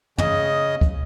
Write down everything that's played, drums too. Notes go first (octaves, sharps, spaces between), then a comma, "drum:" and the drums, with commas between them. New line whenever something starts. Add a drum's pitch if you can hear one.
C#3 D#5, drum: tom
drum: kick